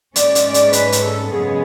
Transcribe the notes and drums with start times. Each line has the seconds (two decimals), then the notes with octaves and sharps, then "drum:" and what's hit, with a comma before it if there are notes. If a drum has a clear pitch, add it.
0.16 G#2 G#3 C#4 D5, drum: hi-hat
0.35 drum: hi-hat
0.45 D5
0.54 drum: hi-hat
0.73 B4, drum: hi-hat
0.92 drum: hi-hat
1.03 A4
1.30 F#2 C#3 G#3 B3 G#4